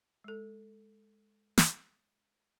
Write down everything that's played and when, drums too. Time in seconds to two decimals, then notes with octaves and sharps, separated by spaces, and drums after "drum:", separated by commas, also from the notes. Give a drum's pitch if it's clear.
0.24 G#3 A4
1.58 drum: snare